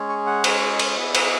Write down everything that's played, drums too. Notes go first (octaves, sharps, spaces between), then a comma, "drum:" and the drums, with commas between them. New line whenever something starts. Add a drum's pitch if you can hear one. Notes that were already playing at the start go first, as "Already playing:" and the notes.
Already playing: G#3 C#4 G#4
C#6
F#5
drum: cymbal
drum: cymbal
B3 E4 G#4 E5
D5
E5, drum: cymbal